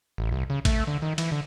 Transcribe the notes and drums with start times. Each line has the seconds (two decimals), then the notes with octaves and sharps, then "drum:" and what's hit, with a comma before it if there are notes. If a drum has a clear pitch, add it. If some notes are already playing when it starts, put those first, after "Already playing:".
0.18 A1
0.32 C2
0.50 C#3
0.65 A3, drum: kick A1, cymbal
0.87 D3
1.02 D#3
1.18 E3, drum: cymbal
1.32 D3